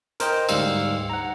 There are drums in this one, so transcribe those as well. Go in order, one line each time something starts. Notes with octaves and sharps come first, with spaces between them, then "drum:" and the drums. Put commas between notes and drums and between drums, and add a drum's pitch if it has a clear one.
A#4 C5 D#5 G5, drum: hi-hat
D2 G#2 G3 F5 E6, drum: cymbal
F#5 A#5